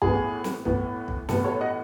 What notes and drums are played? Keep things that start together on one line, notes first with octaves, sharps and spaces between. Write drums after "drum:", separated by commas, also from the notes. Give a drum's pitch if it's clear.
A2 E3 B3 G#4, drum: kick B1
drum: snare
A2 E3 B3, drum: kick B1
drum: kick B1
A2 E3 B3 A4, drum: snare
A4 C#5
D#5 F#5